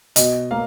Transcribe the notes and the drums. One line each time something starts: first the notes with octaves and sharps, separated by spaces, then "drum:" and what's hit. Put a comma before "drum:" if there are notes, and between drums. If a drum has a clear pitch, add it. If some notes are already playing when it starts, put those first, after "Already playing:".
B2 D#5, drum: hi-hat
A#3 F5